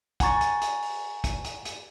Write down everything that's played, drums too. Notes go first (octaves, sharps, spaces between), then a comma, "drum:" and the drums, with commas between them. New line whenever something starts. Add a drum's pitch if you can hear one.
F#5 G#5 A#5 C#6 A6, drum: kick, hi-hat
drum: hi-hat
drum: hi-hat
drum: open hi-hat
drum: kick, hi-hat
drum: hi-hat
drum: hi-hat